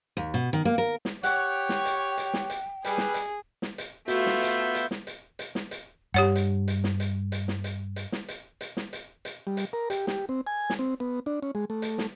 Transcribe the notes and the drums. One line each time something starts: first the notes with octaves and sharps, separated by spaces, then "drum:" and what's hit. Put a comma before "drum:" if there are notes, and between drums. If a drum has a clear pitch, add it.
D#2
B2
D#3
A#3
A#4
drum: snare
G4 C#5 F#5 G5, drum: hi-hat
drum: snare
drum: hi-hat
drum: hi-hat
drum: snare
drum: hi-hat
G3 G#4 B4, drum: hi-hat
drum: snare
drum: hi-hat
drum: snare
drum: hi-hat
A3 B3 F4 F#4 E5 G6, drum: hi-hat
drum: snare
drum: hi-hat
drum: hi-hat
drum: snare
drum: hi-hat
drum: hi-hat
drum: snare
drum: hi-hat
G2 G4 C#5 F#5
drum: hi-hat
drum: hi-hat
drum: snare
drum: hi-hat
drum: hi-hat
drum: snare
drum: hi-hat
drum: hi-hat
drum: snare
drum: hi-hat
drum: hi-hat
drum: snare
drum: hi-hat
drum: hi-hat
G3
drum: hi-hat
A#4
G4, drum: hi-hat
G4, drum: snare
C4
G#5
drum: snare
C4
B3
D4
C#4
G#3
A3
drum: hi-hat
drum: snare